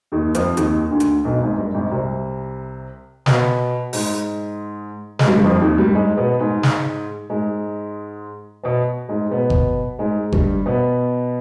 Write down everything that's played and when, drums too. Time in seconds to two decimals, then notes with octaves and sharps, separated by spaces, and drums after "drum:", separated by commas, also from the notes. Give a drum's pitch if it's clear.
0.12 D#2 D#3
0.35 F2 F3, drum: hi-hat
0.57 D#2 D#3, drum: hi-hat
0.90 D2 D3
1.00 drum: hi-hat
1.24 B1 B2
1.41 G#1 G#2
1.57 G2
1.74 G#1 G#2
1.91 C2 C3
3.26 B2 B3, drum: snare
3.93 G#2 G#3, drum: open hi-hat
5.19 G#3, drum: snare
5.28 G2 G3
5.44 F2 F3
5.61 D#2 D#3
5.78 G2 G3
5.95 G#2 G#3
6.17 B2 B3
6.39 G#2 G#3
6.63 drum: snare
7.30 G#2 G#3
8.63 B2 B3
9.09 G#2 G#3
9.31 B2 B3
9.50 drum: kick G1
9.99 G#2 G#3
10.32 G2 G3, drum: kick G1
10.66 B2 B3